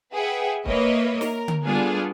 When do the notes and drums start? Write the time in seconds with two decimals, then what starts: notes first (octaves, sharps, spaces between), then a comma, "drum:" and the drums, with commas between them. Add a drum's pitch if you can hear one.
0.15 G#4 B4 E5 F#5 G5
0.66 A#3 B4 C#5 D#5 E5, drum: kick C#1
1.21 A#4, drum: snare
1.48 drum: tom D3
1.66 G3 B3 D4 F4 G#4 A4